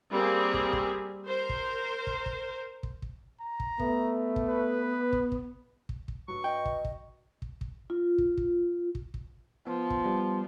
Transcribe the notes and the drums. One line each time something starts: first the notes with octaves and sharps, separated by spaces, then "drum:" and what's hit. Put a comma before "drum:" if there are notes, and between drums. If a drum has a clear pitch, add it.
G3 A#3 C4 G#4
drum: kick
drum: kick
A#4 C5
drum: kick
drum: kick
drum: kick
drum: kick
drum: kick
A#5
drum: kick
A3 B3, drum: kick
drum: kick
B4
drum: kick
drum: kick
drum: kick
drum: kick
G2 F#3 C#6
D#5 G5
drum: kick
drum: kick
drum: kick
drum: kick
F4
drum: kick
drum: kick
drum: kick
drum: kick
F3 B3
drum: kick
G3 B3